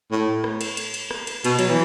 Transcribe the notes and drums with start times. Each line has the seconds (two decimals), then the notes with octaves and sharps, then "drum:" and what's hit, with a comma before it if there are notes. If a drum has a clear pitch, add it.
0.11 A2
0.44 drum: rim click
0.61 drum: cymbal
0.77 drum: cymbal
0.94 drum: cymbal
1.11 drum: rim click
1.27 drum: cymbal
1.44 B2, drum: cymbal
1.59 F#3, drum: cymbal
1.69 E3